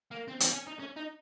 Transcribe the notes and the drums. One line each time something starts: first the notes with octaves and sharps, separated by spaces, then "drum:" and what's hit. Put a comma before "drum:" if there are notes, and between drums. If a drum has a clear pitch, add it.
A#3
C4
C4, drum: hi-hat
C#4
D#4
C#4
D#4